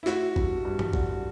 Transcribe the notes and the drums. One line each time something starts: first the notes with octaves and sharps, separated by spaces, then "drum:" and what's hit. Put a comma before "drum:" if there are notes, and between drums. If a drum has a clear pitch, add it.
E4
A3 F#4, drum: snare
G2, drum: kick A1
G2
drum: tom G2
D3, drum: kick A1